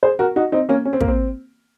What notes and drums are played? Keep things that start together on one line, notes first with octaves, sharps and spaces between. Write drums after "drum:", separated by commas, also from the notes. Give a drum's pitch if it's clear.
G#4 C5
F#4 A#4
D#4 F#4
C4 D#4
A#3 C#4
C#4
C4
A#3, drum: kick
C4